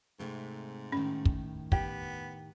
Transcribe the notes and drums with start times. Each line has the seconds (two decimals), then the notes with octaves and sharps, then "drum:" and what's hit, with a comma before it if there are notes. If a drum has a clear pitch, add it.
0.20 G#2 C3 A3
0.92 A2 D#3 C#4
1.25 drum: kick
1.72 B3 G4 G5, drum: kick